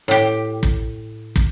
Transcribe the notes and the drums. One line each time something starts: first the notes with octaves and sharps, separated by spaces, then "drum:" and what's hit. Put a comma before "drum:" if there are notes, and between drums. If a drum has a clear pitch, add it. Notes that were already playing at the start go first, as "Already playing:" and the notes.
A2 G4
drum: kick
drum: kick